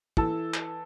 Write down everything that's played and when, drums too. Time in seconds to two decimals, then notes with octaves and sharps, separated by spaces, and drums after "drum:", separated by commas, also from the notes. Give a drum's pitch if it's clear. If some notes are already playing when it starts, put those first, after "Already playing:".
0.17 E3 A4 A5 E6, drum: kick
0.54 drum: clap